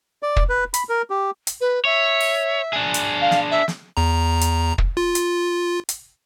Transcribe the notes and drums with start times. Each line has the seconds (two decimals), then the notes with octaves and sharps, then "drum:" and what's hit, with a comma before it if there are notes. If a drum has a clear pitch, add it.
0.23 D5
0.36 drum: kick
0.49 B4
0.74 B5, drum: hi-hat
0.89 A#4
1.10 G4
1.47 drum: hi-hat
1.60 B4
1.85 C#5 E5
2.21 drum: open hi-hat
2.73 D4 G#4
2.94 drum: hi-hat
3.21 F5
3.31 drum: snare
3.51 E5
3.68 drum: snare
3.97 E2 A#5
4.41 drum: hi-hat
4.78 drum: kick
4.97 F4
5.15 drum: hi-hat
5.89 drum: hi-hat